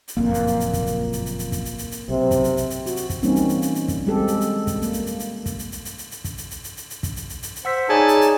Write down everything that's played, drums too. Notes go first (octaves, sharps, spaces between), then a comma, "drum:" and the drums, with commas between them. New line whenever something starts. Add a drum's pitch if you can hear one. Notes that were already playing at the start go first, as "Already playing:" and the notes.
drum: hi-hat
F#1 F2 A#2 A#3
drum: hi-hat
drum: hi-hat
drum: hi-hat
drum: kick, hi-hat
drum: hi-hat
drum: hi-hat
drum: hi-hat
drum: hi-hat
drum: kick, hi-hat
drum: hi-hat
drum: hi-hat
drum: hi-hat
B1 C3
drum: kick, hi-hat
drum: hi-hat
drum: hi-hat
drum: hi-hat
F#4, drum: hi-hat
drum: hi-hat
drum: kick, hi-hat
E3 G3 A#3 C4 C#4 D#4, drum: hi-hat
drum: hi-hat
drum: hi-hat
drum: hi-hat
drum: hi-hat
drum: kick, hi-hat
G3 G#3 C4 G4 A4
drum: hi-hat
drum: hi-hat
drum: kick, hi-hat
A#3, drum: hi-hat
drum: hi-hat
drum: hi-hat
drum: hi-hat
drum: kick, hi-hat
drum: hi-hat
drum: hi-hat
drum: hi-hat
drum: hi-hat
drum: hi-hat
drum: kick, hi-hat
drum: hi-hat
drum: hi-hat
drum: hi-hat
drum: hi-hat
drum: hi-hat
drum: kick, hi-hat
drum: hi-hat
drum: hi-hat
drum: hi-hat
drum: hi-hat
C5 F#5 E6 B6
D#4 G#4 C#5 D5 G#5 A5
drum: hi-hat
drum: hi-hat